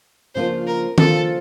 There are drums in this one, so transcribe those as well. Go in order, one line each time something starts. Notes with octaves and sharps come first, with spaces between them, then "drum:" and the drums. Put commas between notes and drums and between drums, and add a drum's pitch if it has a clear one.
C#3 F3 A#3 D4 F4 C5
A#4
C#3 F3 A#3 D4 F4 A4, drum: tom D#3